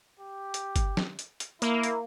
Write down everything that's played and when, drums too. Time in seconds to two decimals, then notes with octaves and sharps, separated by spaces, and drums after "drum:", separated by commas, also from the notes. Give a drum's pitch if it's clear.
0.20 G4
0.54 drum: hi-hat
0.76 drum: kick G1, hi-hat
0.97 drum: snare
1.19 drum: hi-hat
1.40 drum: hi-hat
1.62 A#3 E4, drum: hi-hat
1.83 drum: hi-hat